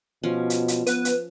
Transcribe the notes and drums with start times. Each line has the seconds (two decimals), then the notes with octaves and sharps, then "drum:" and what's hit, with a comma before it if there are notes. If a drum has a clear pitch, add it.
0.23 B2 F3 C#4
0.50 drum: hi-hat
0.68 drum: hi-hat
0.87 B3 B4, drum: hi-hat
1.05 drum: hi-hat